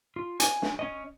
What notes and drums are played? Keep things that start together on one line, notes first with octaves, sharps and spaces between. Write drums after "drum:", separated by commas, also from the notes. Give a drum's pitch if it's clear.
F4
G#5, drum: hi-hat
drum: snare
C#4 C#5 D#5